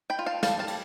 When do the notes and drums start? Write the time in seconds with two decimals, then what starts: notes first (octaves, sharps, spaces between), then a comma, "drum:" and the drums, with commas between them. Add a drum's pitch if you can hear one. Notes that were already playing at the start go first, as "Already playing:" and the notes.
0.10 G5 B5
0.19 F4
0.26 F5 A5
0.43 G3 F5 A5, drum: snare
0.59 F5 A5
0.68 G3, drum: cymbal